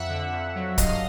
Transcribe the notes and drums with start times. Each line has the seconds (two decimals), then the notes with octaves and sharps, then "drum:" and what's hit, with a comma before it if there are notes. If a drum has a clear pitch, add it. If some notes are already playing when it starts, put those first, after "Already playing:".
Already playing: F2 E5 F#5
0.10 D3
0.32 F2
0.55 F#3
0.78 G2 D#5 F5, drum: kick, hi-hat